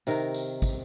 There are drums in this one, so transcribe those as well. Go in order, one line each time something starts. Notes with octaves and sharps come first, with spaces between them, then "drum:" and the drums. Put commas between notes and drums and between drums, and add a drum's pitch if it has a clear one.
C3 D#3 A#4, drum: tambourine
drum: tambourine
drum: kick, tambourine